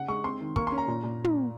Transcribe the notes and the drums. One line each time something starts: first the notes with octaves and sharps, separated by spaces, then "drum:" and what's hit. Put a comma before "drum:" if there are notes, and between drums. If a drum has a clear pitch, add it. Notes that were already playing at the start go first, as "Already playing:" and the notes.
Already playing: C#3 F#5
G#3 C#6
C4 C6
D#3
A#3 C#6, drum: kick
C6
C#4
A#5
A#2
A#2
drum: tom